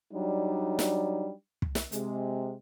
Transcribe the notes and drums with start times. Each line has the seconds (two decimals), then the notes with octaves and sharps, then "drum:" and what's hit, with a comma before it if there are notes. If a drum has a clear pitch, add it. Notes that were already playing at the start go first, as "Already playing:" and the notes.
0.13 F#3 G3 D4 D#4
0.79 drum: snare
1.62 drum: kick
1.75 drum: snare
1.92 C3 G#3, drum: hi-hat